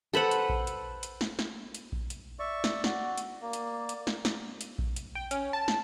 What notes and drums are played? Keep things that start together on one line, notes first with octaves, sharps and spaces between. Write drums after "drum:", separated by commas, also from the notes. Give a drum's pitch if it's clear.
A4 B4 C5 F#5
drum: hi-hat
drum: kick A#1
drum: hi-hat
drum: hi-hat
drum: snare
drum: snare
drum: hi-hat
drum: kick A#1
drum: hi-hat
D5 E5 C#6
drum: snare
F#4, drum: snare
drum: hi-hat
A#3 D5
drum: hi-hat
drum: hi-hat
drum: snare
drum: snare
drum: hi-hat
drum: kick A#1
drum: hi-hat
G5
C#4, drum: hi-hat
A5
drum: snare